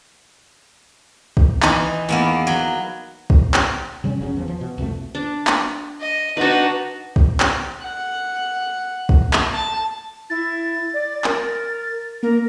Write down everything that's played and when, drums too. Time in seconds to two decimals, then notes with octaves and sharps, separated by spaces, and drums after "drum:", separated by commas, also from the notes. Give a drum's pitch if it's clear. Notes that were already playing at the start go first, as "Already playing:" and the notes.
1.37 drum: kick
1.62 E3 D#4, drum: clap
2.09 E2 A#3 B3
2.47 F#3
3.30 drum: kick
3.54 drum: clap
4.04 C3 F#3 G3 C#4
4.19 F#1 C#3 F#3 C#4
4.34 E2 E3 F3
4.48 F3
4.61 B2
4.78 C2 F2 B2 A3
5.15 D4
5.47 drum: clap
6.00 D#5
6.37 D4 D#4 F#4 B4
7.16 drum: kick
7.40 drum: clap
7.82 F#5
9.09 drum: kick
9.33 drum: clap
9.53 A5
10.30 E4 A6
10.94 D5
11.24 A#4, drum: clap
12.23 A#3 A#4